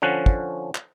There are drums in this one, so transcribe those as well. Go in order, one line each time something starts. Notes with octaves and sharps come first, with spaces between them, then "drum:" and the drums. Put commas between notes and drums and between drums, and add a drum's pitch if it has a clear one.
D3 F3 C#4 F#5
drum: kick
drum: clap